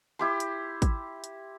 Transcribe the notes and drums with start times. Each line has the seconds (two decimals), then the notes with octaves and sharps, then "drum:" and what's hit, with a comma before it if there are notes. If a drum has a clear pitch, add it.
0.19 E4 G4 C6
0.40 drum: hi-hat
0.82 drum: kick, hi-hat
1.24 drum: hi-hat